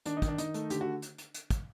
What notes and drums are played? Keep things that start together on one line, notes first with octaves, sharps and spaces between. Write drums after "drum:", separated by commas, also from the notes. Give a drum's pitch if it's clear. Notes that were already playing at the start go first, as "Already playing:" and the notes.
D#3 D4, drum: hi-hat
D#4
D#3, drum: kick, hi-hat
D4
D#3 D#4, drum: hi-hat
A3, drum: hi-hat
D3 G4, drum: hi-hat
F#4
drum: hi-hat
drum: hi-hat
drum: hi-hat
drum: kick, hi-hat